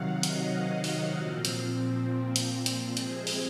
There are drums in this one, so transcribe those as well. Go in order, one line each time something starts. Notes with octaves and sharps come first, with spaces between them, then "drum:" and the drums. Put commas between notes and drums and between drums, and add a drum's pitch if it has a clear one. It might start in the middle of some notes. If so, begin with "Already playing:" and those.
Already playing: C3 D#3 F#3 F5 F#5
D#5, drum: hi-hat
drum: open hi-hat
A#2 F3 C4
drum: hi-hat
drum: hi-hat
drum: hi-hat
C3 F3 G#3 C4 G#4, drum: hi-hat
drum: open hi-hat